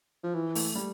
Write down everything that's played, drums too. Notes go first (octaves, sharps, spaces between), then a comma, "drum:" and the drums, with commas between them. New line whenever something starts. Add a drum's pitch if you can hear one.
F3
E3
A3, drum: open hi-hat
G3